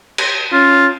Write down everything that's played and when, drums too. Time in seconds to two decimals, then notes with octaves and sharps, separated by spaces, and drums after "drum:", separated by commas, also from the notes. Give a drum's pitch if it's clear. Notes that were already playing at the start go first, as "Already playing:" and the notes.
0.18 drum: cymbal
0.52 C#4 F4